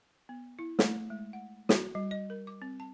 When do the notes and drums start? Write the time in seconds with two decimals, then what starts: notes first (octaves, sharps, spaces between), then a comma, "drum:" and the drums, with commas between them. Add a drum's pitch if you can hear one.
0.29 B3
0.59 E4
0.79 A3, drum: snare
1.10 G#3
1.33 F#5
1.69 F#4, drum: snare
1.95 G3
2.11 D#5
2.30 A#4
2.47 D6
2.62 C4
2.80 A5